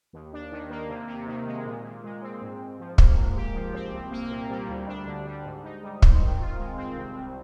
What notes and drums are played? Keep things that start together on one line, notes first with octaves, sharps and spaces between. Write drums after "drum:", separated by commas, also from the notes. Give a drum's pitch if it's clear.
D#2
D4
D#3
A#3
C3
C3
D#3
G#3
A#2
A#2
G#3
C4
G#2
G#2
F3
A#3, drum: kick
G#2
G4
F3
C4
C2
A#3
A#2
G3
D2
D4
D3
G3
G#2
D#4
G3
C4, drum: kick
D#3
F4
G#3
C4
C2
C2